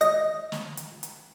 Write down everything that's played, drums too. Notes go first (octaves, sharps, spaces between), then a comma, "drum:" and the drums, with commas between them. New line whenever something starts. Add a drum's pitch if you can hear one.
D#5, drum: hi-hat
drum: snare
drum: hi-hat
drum: hi-hat